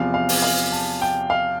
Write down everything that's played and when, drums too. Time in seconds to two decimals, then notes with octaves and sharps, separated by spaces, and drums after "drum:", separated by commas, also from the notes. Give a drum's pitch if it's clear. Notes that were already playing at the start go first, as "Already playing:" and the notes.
Already playing: E2 C3 F3 F5
0.14 F5
0.29 drum: open hi-hat
0.42 F5
0.72 A5
1.02 G5
1.30 F5